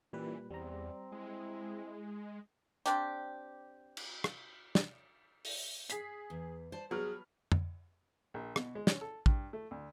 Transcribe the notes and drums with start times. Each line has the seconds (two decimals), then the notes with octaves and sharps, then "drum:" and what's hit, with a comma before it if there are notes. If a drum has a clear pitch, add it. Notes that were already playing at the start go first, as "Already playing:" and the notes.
0.13 A#2 E3 G3 C#4 B4
0.51 E2 G3 C4 D5 A#5
1.12 G#3 E4
2.86 C4 D4 G4, drum: hi-hat
3.97 drum: cymbal
4.24 drum: rim click
4.75 drum: snare
5.45 drum: open hi-hat
5.90 G#4 B6 C7, drum: hi-hat
6.30 E2
6.72 C5 D5 A5
6.91 F#3 G3 B3 G#4 F6
7.52 drum: tom F2
8.34 A#1
8.56 B2, drum: rim click
8.75 G#3
8.87 C#4, drum: snare
9.01 A4
9.26 G2, drum: kick
9.53 A3
9.71 D2